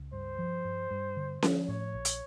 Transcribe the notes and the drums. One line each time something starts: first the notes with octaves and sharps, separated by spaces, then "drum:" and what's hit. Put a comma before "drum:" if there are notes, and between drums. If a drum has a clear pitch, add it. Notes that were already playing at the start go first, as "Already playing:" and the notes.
Already playing: C#2
G2 C5
F3
G2
G2
D3
F3, drum: snare C#4
A2 C#5
A#1
drum: hi-hat